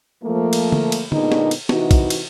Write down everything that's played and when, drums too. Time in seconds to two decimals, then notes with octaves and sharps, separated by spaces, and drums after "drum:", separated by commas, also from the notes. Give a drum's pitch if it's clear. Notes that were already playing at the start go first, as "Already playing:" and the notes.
0.23 F3 A3 A#3
0.53 drum: cymbal
0.72 drum: tom D3
0.92 drum: cymbal
1.12 A#2 D3 G#3 B3 D#4, drum: tom D3
1.32 drum: snare
1.51 drum: cymbal
1.69 C3 E3 D#4 F#4, drum: snare
1.91 drum: kick, cymbal
2.10 drum: cymbal